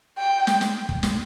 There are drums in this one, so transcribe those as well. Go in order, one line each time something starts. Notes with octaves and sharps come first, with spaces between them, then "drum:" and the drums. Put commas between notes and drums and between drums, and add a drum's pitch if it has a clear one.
G5
drum: snare
drum: snare
drum: kick
drum: snare